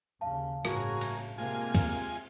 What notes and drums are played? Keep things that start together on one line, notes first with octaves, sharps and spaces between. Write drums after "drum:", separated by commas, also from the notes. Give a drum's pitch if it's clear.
D#2 C#3 F5 A5
G1 A2 C#3 A#3 F#4 G#4, drum: rim click
drum: cymbal
C3 G#3 A#3 F4 G#5
drum: kick C#2, cymbal